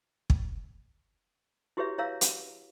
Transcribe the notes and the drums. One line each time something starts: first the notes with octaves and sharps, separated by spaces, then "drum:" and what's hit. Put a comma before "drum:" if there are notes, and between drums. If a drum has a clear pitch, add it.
drum: kick
E4 F#4 G4 B4 C#5 E5
E4 C#5 E5 F5 A#5 E6
drum: hi-hat